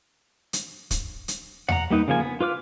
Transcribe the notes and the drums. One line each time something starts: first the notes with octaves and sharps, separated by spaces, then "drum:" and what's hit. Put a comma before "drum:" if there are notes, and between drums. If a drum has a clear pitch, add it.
drum: hi-hat
drum: kick, hi-hat
drum: hi-hat
F#5 A#5, drum: tom E2
G3 A#3 D#4 B4
C#3 F3 A#3 G#5
B3
F4 B4 D6 F6